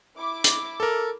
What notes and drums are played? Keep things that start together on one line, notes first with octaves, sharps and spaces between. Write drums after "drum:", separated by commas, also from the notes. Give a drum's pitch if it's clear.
E4 D6
drum: hi-hat
A4 A#4